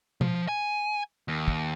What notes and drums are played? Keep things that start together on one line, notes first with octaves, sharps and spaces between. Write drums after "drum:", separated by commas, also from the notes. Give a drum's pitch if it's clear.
F3, drum: tom
G#5
D#2
drum: kick